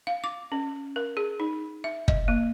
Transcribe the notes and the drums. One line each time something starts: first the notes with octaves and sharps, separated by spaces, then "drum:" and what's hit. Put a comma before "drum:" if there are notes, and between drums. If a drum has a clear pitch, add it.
F5
D6
C#4
A#4
G#4
D#4
E5
D#5, drum: kick
A#3